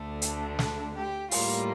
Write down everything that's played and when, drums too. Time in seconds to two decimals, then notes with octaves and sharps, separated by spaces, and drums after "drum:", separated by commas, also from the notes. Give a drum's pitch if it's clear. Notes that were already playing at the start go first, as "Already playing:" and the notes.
Already playing: D2 D3 A3
0.22 D4, drum: hi-hat
0.59 drum: snare
0.95 G4
1.31 A2 G3 A#3 F4, drum: open hi-hat